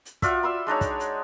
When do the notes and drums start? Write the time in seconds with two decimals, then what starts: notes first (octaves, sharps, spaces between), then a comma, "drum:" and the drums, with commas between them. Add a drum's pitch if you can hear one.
0.05 drum: hi-hat
0.22 F4 F#4 D5 E5, drum: kick, hi-hat
0.43 B5 C6 E6
0.67 G#3 D4 D#4 C#5
0.81 drum: kick, hi-hat
1.00 drum: hi-hat